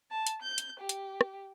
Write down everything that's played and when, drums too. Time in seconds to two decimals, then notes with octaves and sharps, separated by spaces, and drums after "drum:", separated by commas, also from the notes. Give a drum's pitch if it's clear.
0.11 A5
0.27 drum: hi-hat
0.42 G6
0.58 drum: hi-hat
0.80 G4
0.89 drum: hi-hat
1.21 drum: rim click